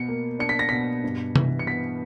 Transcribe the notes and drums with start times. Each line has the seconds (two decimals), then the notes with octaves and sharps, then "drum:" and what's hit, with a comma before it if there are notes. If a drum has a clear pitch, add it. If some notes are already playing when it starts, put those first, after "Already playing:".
Already playing: B2 C#7
0.08 A#3
0.39 D4 C#7
0.49 B6
0.59 A#6
0.69 B2 B6
1.04 G2
1.36 E3, drum: tom C3
1.59 C#7
1.67 B3 B6